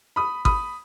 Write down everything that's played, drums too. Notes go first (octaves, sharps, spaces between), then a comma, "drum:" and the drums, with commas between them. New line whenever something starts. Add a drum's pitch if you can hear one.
B5 D#6
B5 D#6, drum: kick G#1